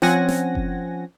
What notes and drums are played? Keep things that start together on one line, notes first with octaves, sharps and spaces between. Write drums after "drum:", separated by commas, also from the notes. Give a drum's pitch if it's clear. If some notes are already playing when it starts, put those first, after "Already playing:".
F3 C4 C#4 F#5 G#5 A#6, drum: snare
drum: snare
drum: kick F#1